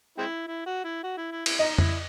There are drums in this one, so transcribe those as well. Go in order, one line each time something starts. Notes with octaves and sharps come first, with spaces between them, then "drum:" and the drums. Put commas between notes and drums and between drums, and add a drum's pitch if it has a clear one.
G#3 C4 E4
E4
F#4
E4
F#4
E4
E4
E4, drum: cymbal
D#4 D#5
E4, drum: tom F2